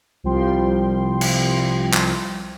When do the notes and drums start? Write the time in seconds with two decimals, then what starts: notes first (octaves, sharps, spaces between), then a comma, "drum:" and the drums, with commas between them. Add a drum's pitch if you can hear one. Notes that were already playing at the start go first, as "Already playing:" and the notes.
0.24 C2 F3 G3 G5 C6
1.21 drum: cymbal
1.94 drum: clap